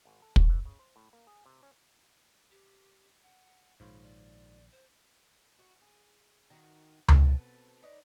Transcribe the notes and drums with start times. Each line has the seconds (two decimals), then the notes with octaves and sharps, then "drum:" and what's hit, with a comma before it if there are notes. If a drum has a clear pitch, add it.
0.05 G#1
0.22 A4
0.36 F#4, drum: kick
0.49 E3
0.65 C#3
0.79 C5
0.96 A2
1.13 A#3
1.27 G#4
1.46 C3
1.63 C#4
2.50 G4
3.23 F#5
3.80 A#1 G#2 D#3 F4 C#5 B5
4.03 D5
4.72 C5
5.59 F#4
5.82 G#4
6.50 D#3 F#4
7.08 drum: tom C#2
7.24 B2 C4 A4 B4
7.83 D#4 B4 C#5 D5